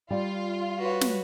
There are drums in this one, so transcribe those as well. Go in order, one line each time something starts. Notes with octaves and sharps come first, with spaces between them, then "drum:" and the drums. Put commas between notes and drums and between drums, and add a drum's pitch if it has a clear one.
G3 F4
F#4 B4 C#5
drum: snare